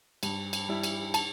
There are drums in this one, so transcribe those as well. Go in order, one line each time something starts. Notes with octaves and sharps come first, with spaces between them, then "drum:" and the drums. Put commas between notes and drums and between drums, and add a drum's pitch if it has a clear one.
G2, drum: cymbal
drum: cymbal
G3 E4
drum: cymbal
A5, drum: cymbal